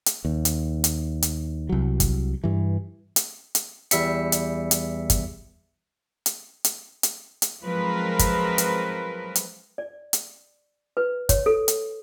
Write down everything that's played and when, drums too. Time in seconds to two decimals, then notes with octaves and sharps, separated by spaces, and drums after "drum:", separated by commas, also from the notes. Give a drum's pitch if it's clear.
0.06 drum: hi-hat
0.25 D#2
0.45 drum: hi-hat
0.84 drum: hi-hat
1.22 drum: hi-hat
1.69 C2 F#3
2.00 drum: kick, hi-hat
2.44 G2 E3
3.16 drum: hi-hat
3.55 drum: hi-hat
3.91 E2 G3 E5 B6 C#7, drum: hi-hat
4.32 drum: hi-hat
4.71 drum: hi-hat
5.10 drum: kick, hi-hat
6.26 drum: hi-hat
6.64 drum: hi-hat
7.03 drum: hi-hat
7.42 drum: hi-hat
7.63 F3 F#3 G#3 C4 A#4 B4
8.19 drum: kick, hi-hat
8.58 drum: hi-hat
9.35 drum: hi-hat
9.78 D5
10.13 drum: hi-hat
10.97 B4
11.29 C#5, drum: kick, hi-hat
11.46 A4
11.68 drum: hi-hat